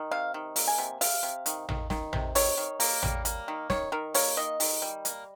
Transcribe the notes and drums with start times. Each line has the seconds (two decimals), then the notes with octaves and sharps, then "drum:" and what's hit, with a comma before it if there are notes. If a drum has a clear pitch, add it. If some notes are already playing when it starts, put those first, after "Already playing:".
Already playing: D#3
0.11 C3 F5
0.34 D#3
0.56 A#3, drum: open hi-hat
0.67 G#5
0.78 C3
1.01 C3 F5, drum: open hi-hat
1.23 C3
1.46 D#3, drum: hi-hat
1.69 D#3, drum: tom A1
1.90 D#3, drum: snare
2.13 C3, drum: tom A1
2.35 D#3 C#5, drum: open hi-hat
2.58 D#3
2.80 A#3, drum: open hi-hat
3.03 G3, drum: tom A1
3.25 A#3, drum: hi-hat
3.48 D#3
3.70 D#3 C#5, drum: snare
3.92 D#3 A#4
4.14 A#3 C#5, drum: open hi-hat
4.37 D#3 D#5
4.60 D#3, drum: open hi-hat
4.82 G3
5.05 A#3, drum: hi-hat